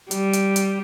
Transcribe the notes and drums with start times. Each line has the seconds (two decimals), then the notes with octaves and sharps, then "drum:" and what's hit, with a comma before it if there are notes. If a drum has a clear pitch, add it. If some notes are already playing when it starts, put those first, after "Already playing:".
0.11 G3, drum: hi-hat
0.33 drum: hi-hat
0.56 drum: hi-hat